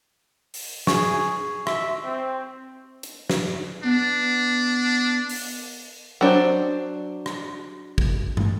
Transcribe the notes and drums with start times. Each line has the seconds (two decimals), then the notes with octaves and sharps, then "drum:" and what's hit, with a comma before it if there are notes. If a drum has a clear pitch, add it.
0.54 drum: open hi-hat
0.87 G#4 C#6, drum: snare
1.67 E5, drum: rim click
2.05 C4
3.03 drum: hi-hat
3.30 drum: snare
3.84 B3 D4
5.29 drum: open hi-hat
6.21 F#3 D4 C5
7.26 drum: rim click
7.98 drum: kick
8.37 drum: tom